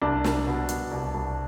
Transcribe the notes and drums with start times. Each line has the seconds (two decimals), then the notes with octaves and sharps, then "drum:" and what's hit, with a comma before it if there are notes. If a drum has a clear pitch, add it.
0.01 C2 D4
0.24 C2, drum: snare
0.47 B2
0.69 B2, drum: hi-hat
0.91 C2
1.14 C2